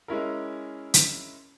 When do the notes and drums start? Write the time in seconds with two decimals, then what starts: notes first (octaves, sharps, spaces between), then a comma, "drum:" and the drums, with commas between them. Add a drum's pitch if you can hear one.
0.08 G#3 C#4 E4 A#4
0.94 drum: hi-hat